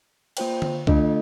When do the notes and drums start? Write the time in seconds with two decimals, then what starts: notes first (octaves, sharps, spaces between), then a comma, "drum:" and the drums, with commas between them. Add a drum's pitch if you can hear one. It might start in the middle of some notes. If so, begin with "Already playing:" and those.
0.37 A#3 F4 C5 G5, drum: cymbal
0.62 drum: tom D3
0.87 D3 A3 D4 F4 A4 D#5, drum: kick